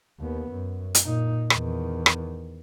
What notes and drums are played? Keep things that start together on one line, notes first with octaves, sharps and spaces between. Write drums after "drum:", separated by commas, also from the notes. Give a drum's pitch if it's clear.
D#2 B3
F#2
drum: hi-hat
A#2 D#4
E2 D#3, drum: rim click
drum: rim click